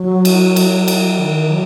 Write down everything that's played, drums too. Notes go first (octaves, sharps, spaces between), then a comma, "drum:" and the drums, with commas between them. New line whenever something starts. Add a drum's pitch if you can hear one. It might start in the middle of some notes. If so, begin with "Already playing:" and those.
Already playing: F#3
drum: cymbal
drum: cymbal
drum: cymbal
F#3
D#3
F#3